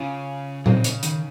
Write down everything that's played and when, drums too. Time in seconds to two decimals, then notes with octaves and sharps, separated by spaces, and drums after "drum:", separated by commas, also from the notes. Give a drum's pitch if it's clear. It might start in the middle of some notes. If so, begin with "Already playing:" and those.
Already playing: C#3 C#4 F4
0.66 C#3 C4 D#4, drum: tom A#2
0.84 drum: hi-hat
1.03 D#3, drum: hi-hat